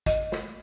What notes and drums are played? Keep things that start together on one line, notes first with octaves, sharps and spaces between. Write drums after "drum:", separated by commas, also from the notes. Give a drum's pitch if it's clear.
D#5, drum: kick, hi-hat
drum: snare